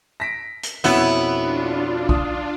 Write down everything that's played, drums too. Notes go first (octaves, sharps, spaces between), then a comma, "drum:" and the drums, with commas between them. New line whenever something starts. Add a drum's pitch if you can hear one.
A#6 B6 D7
drum: hi-hat
F2 B2 B3 C#4 E4, drum: hi-hat
D4 F4
D#6, drum: kick B1